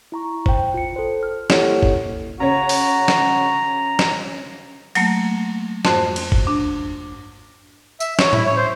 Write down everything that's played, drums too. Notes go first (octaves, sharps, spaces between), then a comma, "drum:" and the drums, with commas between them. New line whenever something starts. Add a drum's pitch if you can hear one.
E4 A#5 C#6
C5 G5, drum: kick
F4 C#7
A4 C5
F6
A#3 E4 G4 A4 C#5 F#5, drum: snare
drum: kick
C#3 C#4 F#4 C#5 A#5
drum: open hi-hat
drum: snare
drum: snare
F#3 A3 A#3 A#6, drum: cymbal
F2 G#2 F#4 C5, drum: snare
drum: cymbal
drum: kick
D4
E5, drum: tambourine
C#5, drum: snare
E4, drum: tom A2
C#5
C5